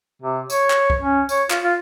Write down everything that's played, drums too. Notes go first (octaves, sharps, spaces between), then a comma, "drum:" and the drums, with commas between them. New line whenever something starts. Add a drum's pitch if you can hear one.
C3
C#5, drum: tambourine
drum: clap
drum: kick
C#4
C#5, drum: tambourine
F4, drum: clap
F4